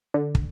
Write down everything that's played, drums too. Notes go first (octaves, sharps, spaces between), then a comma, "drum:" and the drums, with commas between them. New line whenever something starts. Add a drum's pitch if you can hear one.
D3
drum: kick